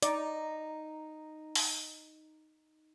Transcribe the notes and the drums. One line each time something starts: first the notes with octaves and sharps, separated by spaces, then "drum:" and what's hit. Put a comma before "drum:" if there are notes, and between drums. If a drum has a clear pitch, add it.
D#4 D5, drum: hi-hat
drum: open hi-hat